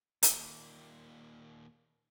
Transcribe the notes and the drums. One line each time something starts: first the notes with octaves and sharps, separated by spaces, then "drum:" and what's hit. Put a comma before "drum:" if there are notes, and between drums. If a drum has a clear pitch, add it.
D#2 A#2, drum: hi-hat